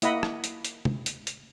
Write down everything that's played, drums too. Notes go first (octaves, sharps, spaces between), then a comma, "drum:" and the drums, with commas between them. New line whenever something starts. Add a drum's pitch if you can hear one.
A#3 E4 D#5 F#5 B5, drum: hi-hat
drum: rim click
drum: hi-hat
drum: hi-hat
drum: tom
drum: hi-hat
drum: hi-hat